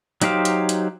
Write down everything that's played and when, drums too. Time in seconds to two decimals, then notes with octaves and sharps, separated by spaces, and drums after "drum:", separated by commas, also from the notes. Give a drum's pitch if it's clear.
0.22 F#3 D#4 G4 C5 F5, drum: hi-hat
0.45 drum: hi-hat
0.69 drum: hi-hat